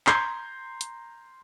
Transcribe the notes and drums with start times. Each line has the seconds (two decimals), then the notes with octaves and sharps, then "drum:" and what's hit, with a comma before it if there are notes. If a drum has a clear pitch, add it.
0.07 A#5 C6 G6 G#6 C7, drum: clap
0.81 drum: hi-hat